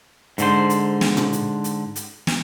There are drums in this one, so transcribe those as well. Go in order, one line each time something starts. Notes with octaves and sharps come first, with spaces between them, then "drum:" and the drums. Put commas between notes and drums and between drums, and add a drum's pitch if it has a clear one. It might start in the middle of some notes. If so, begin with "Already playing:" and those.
G#2 D3 C5, drum: hi-hat
drum: hi-hat
drum: snare
drum: tom A#2
drum: hi-hat
drum: hi-hat
drum: hi-hat
drum: snare